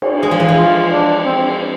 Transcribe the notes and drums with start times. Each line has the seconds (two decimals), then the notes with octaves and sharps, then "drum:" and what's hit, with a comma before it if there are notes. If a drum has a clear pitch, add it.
0.02 drum: cymbal
0.23 G#3 G#4
0.31 F3
0.40 E3
0.48 F3
0.57 F4
0.92 D4
1.25 C4